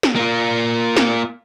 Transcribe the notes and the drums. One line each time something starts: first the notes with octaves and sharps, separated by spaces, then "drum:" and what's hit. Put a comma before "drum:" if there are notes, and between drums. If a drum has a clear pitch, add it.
drum: snare
A#3 F4
drum: snare